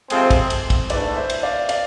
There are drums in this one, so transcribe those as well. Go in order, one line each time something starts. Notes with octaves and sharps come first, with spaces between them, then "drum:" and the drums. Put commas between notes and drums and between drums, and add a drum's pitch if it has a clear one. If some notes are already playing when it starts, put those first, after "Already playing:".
C3 F3 G#3 C4 A4 C5, drum: cymbal
drum: kick, cymbal
drum: cymbal
drum: kick, cymbal
G#2 E3 A3 D4 B4 D5, drum: cymbal
C5 E5
drum: cymbal
D5 F5
D5 F5, drum: cymbal